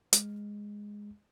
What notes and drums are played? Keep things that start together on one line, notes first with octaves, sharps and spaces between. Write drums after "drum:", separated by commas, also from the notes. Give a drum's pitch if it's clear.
G#3, drum: hi-hat